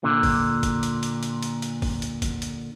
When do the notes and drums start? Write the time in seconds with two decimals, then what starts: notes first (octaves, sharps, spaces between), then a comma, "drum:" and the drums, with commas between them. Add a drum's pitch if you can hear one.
0.03 A#2 D3
0.23 drum: kick, open hi-hat
0.63 drum: kick, hi-hat
0.83 drum: hi-hat
1.03 drum: hi-hat
1.23 drum: hi-hat
1.43 drum: hi-hat
1.62 drum: hi-hat
1.82 drum: kick, open hi-hat
2.02 drum: hi-hat
2.22 drum: kick, hi-hat
2.42 drum: hi-hat